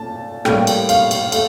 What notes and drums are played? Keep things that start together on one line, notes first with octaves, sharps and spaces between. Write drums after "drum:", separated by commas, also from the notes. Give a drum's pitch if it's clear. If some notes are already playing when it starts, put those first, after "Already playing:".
Already playing: A#2 A3 A5
A2 G3 A#3 G5, drum: rim click
drum: cymbal
F5, drum: cymbal
drum: cymbal
A3, drum: cymbal